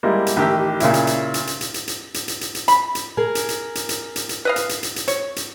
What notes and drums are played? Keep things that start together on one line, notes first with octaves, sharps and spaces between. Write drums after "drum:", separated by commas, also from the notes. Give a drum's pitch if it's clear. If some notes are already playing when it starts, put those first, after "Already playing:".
G3 G#3 A#3 E4
drum: hi-hat
A1 D#3 G4 E5
A#2 C#3 E4, drum: hi-hat
drum: hi-hat
drum: hi-hat
drum: hi-hat
drum: hi-hat
drum: hi-hat
drum: hi-hat
drum: hi-hat
drum: hi-hat
drum: hi-hat
drum: hi-hat
drum: hi-hat
B5, drum: hi-hat
drum: hi-hat
G#4 A#4
drum: hi-hat
drum: hi-hat
drum: hi-hat
drum: hi-hat
drum: hi-hat
drum: hi-hat
B4 D#5 F5
drum: hi-hat
drum: hi-hat
drum: hi-hat
drum: hi-hat
C#5, drum: hi-hat
drum: hi-hat